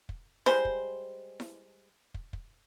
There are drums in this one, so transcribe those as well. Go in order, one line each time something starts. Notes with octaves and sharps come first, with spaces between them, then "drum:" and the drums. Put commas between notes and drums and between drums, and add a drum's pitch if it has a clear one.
drum: kick
G3 G#3 C5, drum: snare E4
drum: kick
drum: snare E4
drum: kick
drum: kick